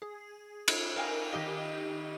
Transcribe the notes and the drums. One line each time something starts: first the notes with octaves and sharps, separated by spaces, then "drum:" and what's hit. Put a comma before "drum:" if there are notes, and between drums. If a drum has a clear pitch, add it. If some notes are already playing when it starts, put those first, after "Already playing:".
G#4
drum: cymbal
A#4 D#5 F5 G5 G#5
D#3 D#4 G4 D#5